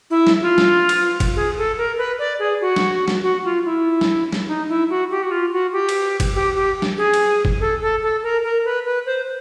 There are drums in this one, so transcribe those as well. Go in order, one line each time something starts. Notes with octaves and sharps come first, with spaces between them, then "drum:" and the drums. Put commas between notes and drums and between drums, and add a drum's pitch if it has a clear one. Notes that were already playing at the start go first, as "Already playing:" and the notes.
E4
drum: snare
F4
drum: snare
drum: cymbal
drum: kick, cymbal
G#4
A4
A#4
B4
D5
G#4
F#4
drum: snare
drum: snare
F#4
F4
E4
drum: snare
drum: snare
D#4
E4
F#4
G4
F#4
F4
F#4
G4
drum: cymbal
drum: kick, cymbal
G4
G4
drum: snare
G#4
drum: cymbal
drum: kick
A4
A4
A4
A#4
A#4
B4
B4
C5